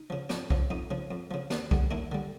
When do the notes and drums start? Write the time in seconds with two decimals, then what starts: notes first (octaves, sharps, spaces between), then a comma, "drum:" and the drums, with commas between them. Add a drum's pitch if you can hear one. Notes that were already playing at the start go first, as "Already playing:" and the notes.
Already playing: D#4
0.10 C#3 F3
0.30 F2 D4, drum: snare
0.50 C#3 F3, drum: kick B1
0.70 F2 D#4
0.91 C#3 F3
1.11 F2
1.31 C#3 F3
1.50 D#2, drum: snare
1.71 D3 G3, drum: kick B1
1.91 D#2 D4 E4
2.12 D3 G3